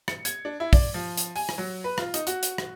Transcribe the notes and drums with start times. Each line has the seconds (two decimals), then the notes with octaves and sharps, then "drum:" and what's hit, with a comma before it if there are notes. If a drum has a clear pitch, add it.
0.08 C#7, drum: rim click
0.25 G#6, drum: hi-hat
0.45 D4
0.60 E4
0.73 D5, drum: kick, open hi-hat
0.94 F3
1.17 drum: hi-hat
1.36 G#5, drum: open hi-hat
1.49 drum: rim click
1.58 F#3
1.84 B4
1.98 F4, drum: rim click
2.14 D#4, drum: hi-hat
2.27 F#4, drum: hi-hat
2.43 drum: hi-hat
2.58 drum: rim click